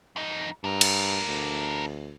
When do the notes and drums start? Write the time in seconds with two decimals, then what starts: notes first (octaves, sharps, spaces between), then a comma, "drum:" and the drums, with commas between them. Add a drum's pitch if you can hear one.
0.16 F2 D#4
0.64 G2 D4 A#4
0.81 drum: cymbal
1.28 D2